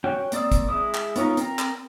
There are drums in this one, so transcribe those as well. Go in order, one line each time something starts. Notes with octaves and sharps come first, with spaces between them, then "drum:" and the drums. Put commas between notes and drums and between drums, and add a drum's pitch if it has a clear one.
C#4 F#4 G5
A#3 C4 D5 D#6 E6, drum: hi-hat
drum: kick, hi-hat
G#3 E4 D#6
drum: clap
B3 C#4 D#4 F4 A#4, drum: hi-hat
C4 A#4, drum: hi-hat
drum: clap